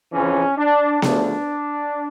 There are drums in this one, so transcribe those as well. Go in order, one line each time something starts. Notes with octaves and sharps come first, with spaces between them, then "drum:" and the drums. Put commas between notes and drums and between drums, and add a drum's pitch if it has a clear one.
F2 C#3 E3 C#4
D4
D2 C#3 F3 A3 D4, drum: snare B3